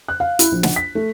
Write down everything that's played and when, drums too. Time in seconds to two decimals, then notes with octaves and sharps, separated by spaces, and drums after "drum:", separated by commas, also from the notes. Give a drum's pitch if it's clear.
0.08 F#6
0.20 F5
0.39 E4, drum: hi-hat
0.52 A#1
0.63 F#5, drum: snare
0.76 B6
0.95 A3